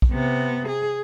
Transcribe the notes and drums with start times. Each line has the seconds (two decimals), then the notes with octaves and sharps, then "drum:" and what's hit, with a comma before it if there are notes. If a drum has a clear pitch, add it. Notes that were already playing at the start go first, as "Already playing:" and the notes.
0.02 drum: kick
0.12 C3 B3
0.68 G#4